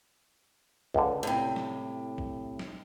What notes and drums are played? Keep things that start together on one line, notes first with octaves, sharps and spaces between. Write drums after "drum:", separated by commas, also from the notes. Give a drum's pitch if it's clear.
C#2 D3, drum: kick
A2 C3
drum: snare
drum: kick
drum: snare